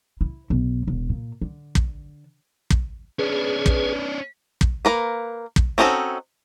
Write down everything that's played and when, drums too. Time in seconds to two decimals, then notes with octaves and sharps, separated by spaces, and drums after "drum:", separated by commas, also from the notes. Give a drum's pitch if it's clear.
0.21 E4
0.50 B1
0.88 E1
1.09 A#2
1.42 D3
1.75 drum: kick
2.70 drum: kick
3.19 C#4 D4 G#4 B4
3.66 drum: kick
4.61 drum: kick
4.85 A#3 A#4 B4
5.56 drum: kick
5.78 C4 C#4 D#4 F#4 A4